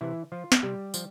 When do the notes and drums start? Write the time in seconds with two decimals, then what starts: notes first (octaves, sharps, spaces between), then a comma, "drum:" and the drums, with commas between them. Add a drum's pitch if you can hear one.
0.01 C3 E3 E4
0.32 F3 F4
0.52 drum: snare
0.63 C3 G3 G4
0.94 F3, drum: tambourine